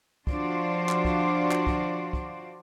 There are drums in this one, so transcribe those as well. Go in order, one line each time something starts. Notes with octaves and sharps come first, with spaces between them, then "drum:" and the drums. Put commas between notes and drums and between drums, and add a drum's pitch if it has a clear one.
F3 D4 F4 F#4 C5 D5, drum: kick
drum: clap
drum: kick
drum: clap
drum: kick
drum: kick